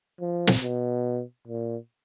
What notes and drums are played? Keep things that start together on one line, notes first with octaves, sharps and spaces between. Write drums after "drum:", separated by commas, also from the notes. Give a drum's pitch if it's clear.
F3
drum: snare
B2
A#2